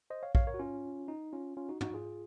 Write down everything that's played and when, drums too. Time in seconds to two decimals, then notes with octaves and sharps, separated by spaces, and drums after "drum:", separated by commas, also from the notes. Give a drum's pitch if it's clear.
0.10 C5 D#5
0.23 C#5 F5
0.35 C#5 F5, drum: kick
0.47 A#4 C#5
0.54 F#4
0.59 C#4 F4
1.08 D#4
1.33 C#4 F4
1.57 C#4 F4
1.69 D#4 F#4
1.81 D#4 F#4, drum: tom
1.94 F4 G#4